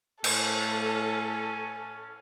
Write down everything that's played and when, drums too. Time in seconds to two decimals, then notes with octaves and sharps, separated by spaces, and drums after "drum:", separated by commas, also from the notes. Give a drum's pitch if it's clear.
0.24 A2 C#4 A4 G#5, drum: cymbal